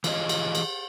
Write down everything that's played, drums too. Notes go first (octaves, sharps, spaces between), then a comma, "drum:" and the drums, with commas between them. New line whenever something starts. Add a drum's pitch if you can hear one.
E3 F3 F4 G#4 D#5, drum: cymbal
drum: cymbal
drum: cymbal